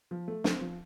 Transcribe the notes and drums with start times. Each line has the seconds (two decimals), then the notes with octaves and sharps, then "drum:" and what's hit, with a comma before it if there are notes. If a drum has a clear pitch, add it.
0.11 F3
0.28 A3
0.44 C4, drum: snare
0.61 F3